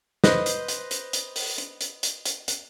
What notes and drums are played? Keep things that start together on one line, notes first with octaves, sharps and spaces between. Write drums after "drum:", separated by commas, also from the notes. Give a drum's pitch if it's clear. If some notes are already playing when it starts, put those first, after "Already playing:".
B4 C5 D#5, drum: snare
drum: hi-hat
drum: hi-hat
drum: hi-hat
drum: hi-hat
drum: open hi-hat
drum: hi-hat
drum: hi-hat
drum: hi-hat
drum: hi-hat
drum: hi-hat